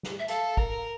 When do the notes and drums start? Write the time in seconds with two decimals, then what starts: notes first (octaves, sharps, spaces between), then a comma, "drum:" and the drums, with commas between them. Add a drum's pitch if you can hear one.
0.03 drum: snare
0.19 E5
0.28 A4 F5, drum: hi-hat
0.57 A#4, drum: kick